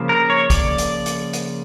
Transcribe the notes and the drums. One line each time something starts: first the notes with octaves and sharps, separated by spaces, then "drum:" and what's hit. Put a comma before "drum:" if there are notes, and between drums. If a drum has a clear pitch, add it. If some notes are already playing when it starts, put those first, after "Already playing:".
Already playing: C#3 F3 A#3
A#4
C#5
D5, drum: kick, hi-hat
drum: hi-hat
drum: hi-hat
drum: hi-hat